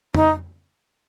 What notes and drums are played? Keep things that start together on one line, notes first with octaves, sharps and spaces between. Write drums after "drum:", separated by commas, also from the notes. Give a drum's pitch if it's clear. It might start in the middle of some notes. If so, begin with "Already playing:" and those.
D#4, drum: tom F2